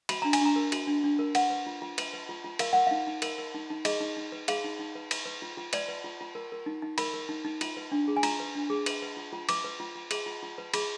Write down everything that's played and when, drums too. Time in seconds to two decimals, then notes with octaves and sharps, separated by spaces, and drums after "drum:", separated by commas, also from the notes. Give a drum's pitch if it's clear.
0.09 F#4 B5, drum: cymbal
0.22 D4 A#5
0.33 G#5, drum: cymbal
0.41 D4 A#5
0.56 A#4
0.72 F#4, drum: cymbal
0.87 D4
1.04 D4
1.19 A#4
1.35 B4 F#5, drum: cymbal
1.50 B4
1.67 F4
1.82 F4
1.98 B4, drum: cymbal
2.13 B4
2.29 F4
2.44 F4
2.59 A#4 F5, drum: cymbal
2.73 A#4 F#5
2.87 D#4 F5
3.07 D#4
3.22 A#4, drum: cymbal
3.38 A#4
3.54 D#4
3.70 D#4
3.85 G#4 D#5, drum: cymbal
4.00 D#4
4.17 D#4
4.32 B4
4.48 G#4 F5, drum: cymbal
4.64 D#4
4.79 D#4
4.95 B4
5.11 B4, drum: cymbal
5.26 B4
5.42 F4
5.57 F4
5.73 B4 D5, drum: cymbal
5.89 B4
6.04 F4
6.21 F4
6.35 A#4
6.52 A#4
6.66 D#4
6.82 D#4
6.98 A#4 B5, drum: cymbal
7.14 A#4
7.29 D#4
7.45 D#4
7.61 F4, drum: cymbal
7.77 B4
7.92 D4
8.08 G#4
8.17 G#5
8.23 F4 A#5, drum: cymbal
8.40 B4
8.55 D4
8.70 G#4
8.86 B4, drum: cymbal
9.02 B4
9.17 F4
9.33 F4
9.49 B4 D6, drum: cymbal
9.64 B4
9.80 F4
9.95 F4
10.11 G#4, drum: cymbal
10.26 F4
10.43 F4
10.58 B4
10.74 G#4 B5, drum: cymbal